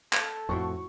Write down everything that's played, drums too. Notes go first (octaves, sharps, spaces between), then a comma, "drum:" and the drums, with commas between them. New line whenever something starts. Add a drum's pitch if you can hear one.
A4, drum: clap
F2 A2 E4 F#4 C#6